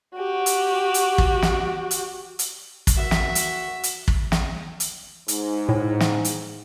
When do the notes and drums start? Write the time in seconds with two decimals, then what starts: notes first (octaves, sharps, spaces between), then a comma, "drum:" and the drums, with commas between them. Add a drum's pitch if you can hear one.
0.15 F#4 G4
0.46 drum: hi-hat
0.94 drum: hi-hat
1.18 drum: kick
1.42 drum: snare
1.91 drum: hi-hat
2.39 drum: hi-hat
2.87 drum: kick, hi-hat
2.97 F#4 E5
3.11 drum: snare
3.35 drum: hi-hat
3.83 drum: hi-hat
4.08 drum: kick
4.32 drum: snare
4.80 drum: hi-hat
5.28 G#2, drum: hi-hat
5.69 A2
6.00 drum: snare
6.25 drum: hi-hat